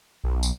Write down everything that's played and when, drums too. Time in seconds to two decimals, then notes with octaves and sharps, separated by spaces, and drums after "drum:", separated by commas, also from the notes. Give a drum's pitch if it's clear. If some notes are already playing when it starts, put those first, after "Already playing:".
0.24 B1
0.43 drum: tambourine